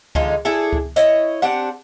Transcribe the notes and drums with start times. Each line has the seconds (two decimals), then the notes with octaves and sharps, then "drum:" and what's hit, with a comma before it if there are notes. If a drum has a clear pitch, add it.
0.15 D3 G#3 D#4 F4, drum: kick C#2
0.45 D4 E4 G#4 A4
0.73 drum: kick C#2
0.96 E4 C#5 D#5, drum: hi-hat
1.42 C4 D4 G4 F#5